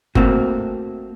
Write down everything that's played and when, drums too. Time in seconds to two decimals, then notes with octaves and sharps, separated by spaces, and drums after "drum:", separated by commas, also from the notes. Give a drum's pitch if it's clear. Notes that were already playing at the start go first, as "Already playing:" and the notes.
0.15 A3 A#3 C4 F#4, drum: kick G1